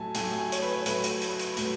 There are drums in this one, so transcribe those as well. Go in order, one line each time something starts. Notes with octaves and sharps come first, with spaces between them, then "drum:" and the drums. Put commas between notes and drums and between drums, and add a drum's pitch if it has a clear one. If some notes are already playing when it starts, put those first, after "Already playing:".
Already playing: A2 F#3 A3 G#5 A5
A2 F#3 A3 G#5, drum: hi-hat
G#5
C#5, drum: hi-hat
B4
C#5
A2 F#3 A3 B4, drum: hi-hat
drum: hi-hat
drum: hi-hat
drum: hi-hat
A2 F#3 A3 B4, drum: hi-hat